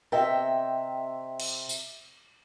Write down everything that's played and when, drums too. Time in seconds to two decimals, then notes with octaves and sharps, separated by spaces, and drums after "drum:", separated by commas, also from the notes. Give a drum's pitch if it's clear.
0.12 C3 D#5 E5 G5
1.40 drum: cymbal
1.69 drum: tambourine